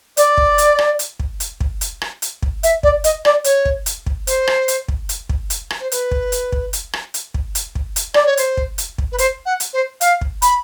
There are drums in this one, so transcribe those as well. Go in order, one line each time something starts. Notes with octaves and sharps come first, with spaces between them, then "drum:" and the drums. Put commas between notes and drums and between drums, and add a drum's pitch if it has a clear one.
D5, drum: hi-hat
drum: kick
drum: hi-hat
drum: rim click
drum: hi-hat
drum: kick
drum: hi-hat
drum: kick
drum: hi-hat
drum: rim click
drum: hi-hat
drum: kick
E5, drum: hi-hat
D5, drum: kick
D#5, drum: hi-hat
D5, drum: rim click
C#5, drum: hi-hat
drum: kick
drum: hi-hat
drum: kick
C5, drum: hi-hat
drum: rim click
drum: hi-hat
drum: kick
drum: hi-hat
drum: kick
drum: hi-hat
drum: rim click
C5
B4, drum: hi-hat
drum: kick
drum: hi-hat
drum: kick
drum: hi-hat
drum: rim click
drum: hi-hat
drum: kick
drum: hi-hat
drum: kick
drum: hi-hat
D5, drum: rim click
C#5
C5, drum: hi-hat
drum: kick
drum: hi-hat
drum: kick
B4
C5, drum: hi-hat
F#5
drum: hi-hat
C5
F5, drum: hi-hat
drum: kick
B5, drum: hi-hat